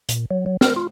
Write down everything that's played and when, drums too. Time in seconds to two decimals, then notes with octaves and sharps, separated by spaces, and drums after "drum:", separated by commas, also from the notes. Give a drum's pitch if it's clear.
0.09 A#2, drum: hi-hat
0.31 F#3
0.46 F#3
0.61 A#4, drum: snare
0.76 F4